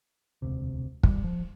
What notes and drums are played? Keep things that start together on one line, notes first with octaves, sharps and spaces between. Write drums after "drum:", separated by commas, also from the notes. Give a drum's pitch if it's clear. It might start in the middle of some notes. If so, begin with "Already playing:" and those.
E1 D2 C3
G3, drum: kick
F3